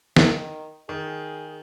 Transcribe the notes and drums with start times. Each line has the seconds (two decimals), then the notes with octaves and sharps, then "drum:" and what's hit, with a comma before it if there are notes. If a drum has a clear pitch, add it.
0.16 D#3, drum: snare
0.89 D#3 G#4